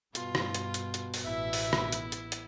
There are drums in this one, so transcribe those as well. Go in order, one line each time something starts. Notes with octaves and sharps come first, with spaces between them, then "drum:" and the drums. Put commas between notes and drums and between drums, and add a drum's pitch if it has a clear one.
G2 B2 F4, drum: hi-hat
drum: rim click
drum: hi-hat
drum: hi-hat
drum: hi-hat
drum: open hi-hat
A1 B3 E4 E5
drum: open hi-hat
drum: rim click
drum: hi-hat
drum: hi-hat
drum: hi-hat